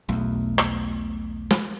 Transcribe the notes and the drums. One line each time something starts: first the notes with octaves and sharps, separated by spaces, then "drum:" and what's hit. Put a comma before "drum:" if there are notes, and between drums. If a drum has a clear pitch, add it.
B1 E2 B2 A3
drum: rim click
drum: snare